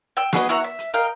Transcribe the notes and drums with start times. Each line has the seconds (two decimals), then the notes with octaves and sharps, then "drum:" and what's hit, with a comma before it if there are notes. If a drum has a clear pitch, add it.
0.17 G5 E6
0.33 F#4 G#4 B4 D#5, drum: snare
0.49 E4 F#4 F#5 A#5
0.64 E5
0.79 drum: hi-hat
0.94 A#4 D#5 F5 G5